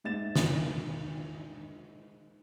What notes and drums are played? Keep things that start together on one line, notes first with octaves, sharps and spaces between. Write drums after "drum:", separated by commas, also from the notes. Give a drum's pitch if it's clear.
G#2 E5 A6 E7
drum: snare